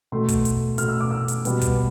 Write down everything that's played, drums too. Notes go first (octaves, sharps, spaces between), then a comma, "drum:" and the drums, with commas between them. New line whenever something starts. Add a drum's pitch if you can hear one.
B2 A3 C6
drum: kick, hi-hat
drum: hi-hat
B2 A3 F6, drum: hi-hat
E6
D6
E6
drum: hi-hat
B2 G3 B3, drum: hi-hat
drum: kick, hi-hat